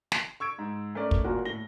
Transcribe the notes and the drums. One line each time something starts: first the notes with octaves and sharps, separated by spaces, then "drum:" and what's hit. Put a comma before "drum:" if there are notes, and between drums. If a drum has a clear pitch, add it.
drum: snare
C#6 E6 G#6 D7
G#2
A3 C#4 A#4 D5
drum: kick
D#1 A#2 F#4 A#4
A2 A#6 G7